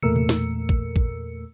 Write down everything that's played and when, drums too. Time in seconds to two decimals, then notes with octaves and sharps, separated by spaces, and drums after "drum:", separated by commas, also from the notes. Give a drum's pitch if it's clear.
0.02 E2 A#2 A3 A#4 E6 C#7, drum: tom
0.16 drum: tom B2
0.29 drum: snare
0.69 drum: kick A1
0.96 drum: kick A1